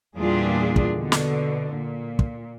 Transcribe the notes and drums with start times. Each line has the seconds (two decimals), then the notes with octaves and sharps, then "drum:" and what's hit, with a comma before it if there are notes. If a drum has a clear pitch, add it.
0.17 E2 A#2 G3 D4 F4 G#4
0.76 drum: kick
0.94 B2 D3
1.12 drum: snare
1.75 A#2
2.19 drum: kick